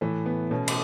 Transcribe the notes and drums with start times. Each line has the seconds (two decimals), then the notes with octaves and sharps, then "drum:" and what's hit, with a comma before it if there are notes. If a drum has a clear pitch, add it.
0.01 A2 E3 A3
0.26 B3
0.51 B2 A3 C#4
0.68 drum: cymbal